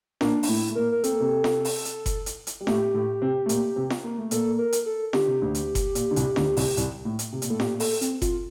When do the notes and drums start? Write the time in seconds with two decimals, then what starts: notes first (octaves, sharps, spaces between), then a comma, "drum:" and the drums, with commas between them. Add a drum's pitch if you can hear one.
0.21 A#2 A#3 D4, drum: snare F4
0.43 D4, drum: open hi-hat
0.48 A2 A3 E4
0.70 A3
0.75 A#2 A#3 A#4
0.92 A#4
1.04 C4 A4, drum: hi-hat
1.12 A#3
1.20 C3 C4
1.44 drum: snare F4
1.65 drum: open hi-hat
1.85 drum: hi-hat
2.06 drum: kick F#1, hi-hat
2.26 drum: hi-hat
2.47 drum: hi-hat
2.61 G3
2.67 A2 A3 G4, drum: snare F4
2.94 A2 A3
3.22 C3 C4
3.46 A3
3.49 A#2 A#3, drum: hi-hat
3.76 C3 C4
3.90 drum: snare F4
4.04 A#3
4.18 A3
4.31 A#2 A#3 A4, drum: hi-hat
4.58 A#4
4.72 drum: hi-hat
4.86 A4
5.13 D3 G4, drum: snare F4
5.27 C3
5.41 D2 D3
5.55 drum: hi-hat
5.75 drum: kick F#1, hi-hat
5.95 A#2, drum: hi-hat
6.11 D3
6.16 C2 C3, drum: hi-hat
6.36 D2 D3, drum: snare F4
6.57 C2 C3, drum: open hi-hat
6.77 C2 C3, drum: hi-hat
7.05 A2
7.19 drum: hi-hat
7.32 C3
7.42 A#2, drum: hi-hat
7.50 A2 A4
7.60 A#2 G4, drum: snare F4
7.80 A4, drum: open hi-hat
8.01 C4, drum: hi-hat
8.22 F4, drum: kick F#1, hi-hat